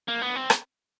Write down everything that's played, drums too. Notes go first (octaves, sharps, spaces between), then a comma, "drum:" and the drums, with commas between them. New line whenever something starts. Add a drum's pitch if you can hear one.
A#3
B3
C4
drum: rim click